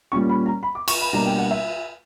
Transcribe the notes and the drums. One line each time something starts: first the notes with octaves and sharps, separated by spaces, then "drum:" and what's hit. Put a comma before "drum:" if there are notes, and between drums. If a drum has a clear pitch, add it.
A#2 G3 C#4 C#6
B5
A#5
B5
D6
C#6, drum: cymbal
B5
B2 G3 A#3 D4 A#5
G5
F#5
E5